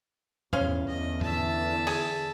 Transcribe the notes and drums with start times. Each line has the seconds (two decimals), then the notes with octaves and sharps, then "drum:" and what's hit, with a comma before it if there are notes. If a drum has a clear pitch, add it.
0.53 E2 G2 C3 C#4 F5 C6, drum: tom G#2
0.87 E2 D3 D#5
1.21 E5 A5, drum: tom G#2
1.87 G#4, drum: open hi-hat